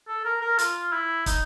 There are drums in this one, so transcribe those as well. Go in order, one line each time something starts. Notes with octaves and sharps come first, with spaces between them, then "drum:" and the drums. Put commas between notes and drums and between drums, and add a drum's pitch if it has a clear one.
A4
A#4
A#4
F4, drum: hi-hat
E4
D#4, drum: kick, hi-hat